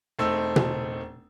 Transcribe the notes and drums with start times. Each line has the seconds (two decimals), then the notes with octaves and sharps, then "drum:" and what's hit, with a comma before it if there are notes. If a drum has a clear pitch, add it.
0.19 E1 A3 C4 D#4 E6
0.56 drum: tom B2